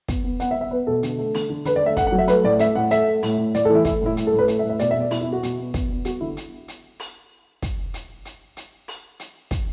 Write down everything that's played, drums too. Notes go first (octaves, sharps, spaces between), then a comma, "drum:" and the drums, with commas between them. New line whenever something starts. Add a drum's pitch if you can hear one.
B3, drum: kick, hi-hat
B3
B3 F#5, drum: hi-hat
E5
B3
E5
B3 B4
B2 A4
D3, drum: hi-hat
A3
D3, drum: open hi-hat
D3
D3 B4, drum: hi-hat
D5
A3 E5
A3 F#5, drum: kick, hi-hat
F#5
F#3
E5
A3 B4, drum: hi-hat
A2 D5
A3 E5, drum: hi-hat
A2 F#5
A3 E5, drum: hi-hat
A3
A2, drum: open hi-hat
A2
A2 D5, drum: hi-hat
A4
E3
E4
A3 E4, drum: kick, hi-hat
A2 E4
A2, drum: hi-hat
A4
A2
B4
A3, drum: hi-hat
E5
A2
E5
B2 D5, drum: hi-hat
E5
B2 D5
B2 E4, drum: open hi-hat
E4
B3
F#4
B2, drum: hi-hat
B3
B3, drum: kick, hi-hat
B3
B3 F#4, drum: hi-hat
D3 E4
drum: hi-hat
drum: hi-hat
drum: open hi-hat
drum: kick, hi-hat
drum: hi-hat
drum: hi-hat
drum: hi-hat
drum: open hi-hat
drum: hi-hat
drum: kick, hi-hat